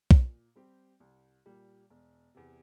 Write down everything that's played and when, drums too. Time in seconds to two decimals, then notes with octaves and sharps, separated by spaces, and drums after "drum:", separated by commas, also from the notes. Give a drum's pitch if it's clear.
0.11 A#2, drum: kick
0.56 G3 C4 G4
1.00 C2
1.46 A#2 G3
1.90 E1
2.35 E2 C3